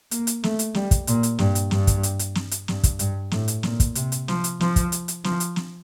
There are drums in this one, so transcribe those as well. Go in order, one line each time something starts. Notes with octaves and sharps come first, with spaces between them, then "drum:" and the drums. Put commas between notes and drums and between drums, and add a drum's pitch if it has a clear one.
A#3, drum: hi-hat
drum: hi-hat
A3, drum: snare
drum: hi-hat
G3, drum: snare
drum: kick, hi-hat
A#2, drum: hi-hat
drum: hi-hat
G2, drum: snare
drum: hi-hat
G2, drum: snare
drum: kick, hi-hat
drum: hi-hat
drum: hi-hat
drum: snare
drum: hi-hat
G2, drum: snare
drum: kick, hi-hat
G2, drum: hi-hat
A2, drum: snare
drum: hi-hat
A#2, drum: snare
drum: kick, hi-hat
C3, drum: hi-hat
drum: hi-hat
F3, drum: snare
drum: hi-hat
F3, drum: snare
drum: kick, hi-hat
drum: hi-hat
drum: hi-hat
F3, drum: snare
drum: hi-hat
drum: snare